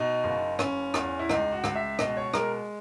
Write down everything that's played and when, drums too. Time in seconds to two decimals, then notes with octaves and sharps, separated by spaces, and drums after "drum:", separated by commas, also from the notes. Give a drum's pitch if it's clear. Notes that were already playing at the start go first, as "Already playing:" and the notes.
Already playing: B2 D#4
0.24 F#1
0.59 F#1 C#4, drum: rim click
0.94 E2, drum: rim click
1.19 E4
1.29 C#2 D#4, drum: rim click
1.52 F#4
1.64 C#2, drum: rim click
1.75 E5
1.99 B2 D#5, drum: rim click
2.17 C#5
2.34 G#3 A#4, drum: rim click